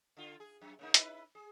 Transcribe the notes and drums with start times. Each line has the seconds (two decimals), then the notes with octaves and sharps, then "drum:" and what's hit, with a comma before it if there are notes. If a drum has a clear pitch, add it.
0.17 D3 F4
0.40 G#4
0.61 F#2
0.79 C#3 A#3 D#4
0.94 D#4 E4 B4, drum: hi-hat
1.35 G#4